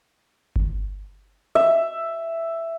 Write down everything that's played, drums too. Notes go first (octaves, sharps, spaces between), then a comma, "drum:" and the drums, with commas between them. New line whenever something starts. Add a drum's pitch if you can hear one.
drum: kick G1
E5